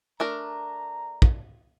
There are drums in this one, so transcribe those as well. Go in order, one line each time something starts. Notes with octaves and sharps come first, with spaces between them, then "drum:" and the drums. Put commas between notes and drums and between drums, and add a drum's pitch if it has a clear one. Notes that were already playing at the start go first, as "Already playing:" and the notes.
A3 D4 A#4 A#5
drum: kick